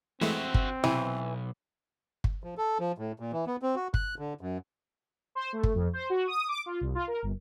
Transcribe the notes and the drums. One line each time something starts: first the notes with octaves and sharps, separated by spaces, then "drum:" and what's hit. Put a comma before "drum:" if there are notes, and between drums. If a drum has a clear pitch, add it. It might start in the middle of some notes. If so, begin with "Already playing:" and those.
E3 G#3 A3 C4 F#4 E5
drum: kick
B1 E2 C3 E3
drum: kick
F3
A4
F3
A2
A#2
E3
B3
C4
F#4
F#6, drum: kick
D3
F#2
C5
A3
drum: kick
F2
C5
F#4
D#6
D6
F4
C2
F4
A#4
G1